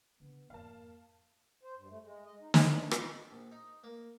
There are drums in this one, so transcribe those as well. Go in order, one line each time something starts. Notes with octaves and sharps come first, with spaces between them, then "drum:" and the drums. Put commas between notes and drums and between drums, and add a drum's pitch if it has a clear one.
C#3 B3 D4
F2 G#2 A#3 F5 A5
C5
G2
A3
G#3
D#5
D#4
E3, drum: snare
D4
D#5, drum: rim click
A#1
D#4
A#3